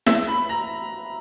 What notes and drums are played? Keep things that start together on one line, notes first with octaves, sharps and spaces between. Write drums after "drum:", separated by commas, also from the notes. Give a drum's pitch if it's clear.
E5, drum: snare
B5
A#5